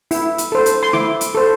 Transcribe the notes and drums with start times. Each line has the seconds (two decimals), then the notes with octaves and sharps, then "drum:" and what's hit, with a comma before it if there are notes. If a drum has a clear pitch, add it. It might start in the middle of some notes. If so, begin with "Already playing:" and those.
0.11 E4, drum: open hi-hat
0.38 drum: hi-hat
0.52 A4 C5
0.66 drum: hi-hat
0.83 C6
0.93 E4 D6, drum: snare
1.21 drum: hi-hat
1.35 A4 C5